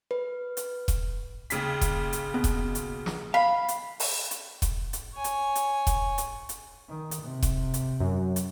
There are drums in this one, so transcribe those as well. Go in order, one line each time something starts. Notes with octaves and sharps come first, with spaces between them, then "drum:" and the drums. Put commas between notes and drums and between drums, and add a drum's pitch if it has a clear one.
B4
drum: hi-hat
drum: kick E1, hi-hat
D#2 C#3 B6, drum: hi-hat
drum: kick E1, hi-hat
drum: hi-hat
B2
drum: kick E1, hi-hat
drum: hi-hat
drum: snare
F5 B5
drum: hi-hat
drum: open hi-hat
drum: hi-hat
drum: kick E1, hi-hat
drum: hi-hat
C#5 G#5
drum: hi-hat
drum: hi-hat
drum: kick E1, hi-hat
drum: hi-hat
drum: hi-hat
D#3
drum: hi-hat
C3
drum: kick E1, hi-hat
drum: hi-hat
F#2
drum: hi-hat